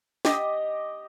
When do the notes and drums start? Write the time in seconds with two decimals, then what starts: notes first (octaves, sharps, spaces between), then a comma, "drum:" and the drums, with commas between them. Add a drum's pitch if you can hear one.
0.25 G4 D#5, drum: snare